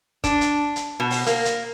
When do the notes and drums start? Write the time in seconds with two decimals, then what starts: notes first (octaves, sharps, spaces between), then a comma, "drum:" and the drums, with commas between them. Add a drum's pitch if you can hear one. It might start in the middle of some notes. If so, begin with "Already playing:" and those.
0.24 D4, drum: kick, hi-hat
0.41 drum: hi-hat
0.76 drum: hi-hat
1.00 B2
1.10 drum: open hi-hat
1.27 A#3, drum: hi-hat
1.45 drum: hi-hat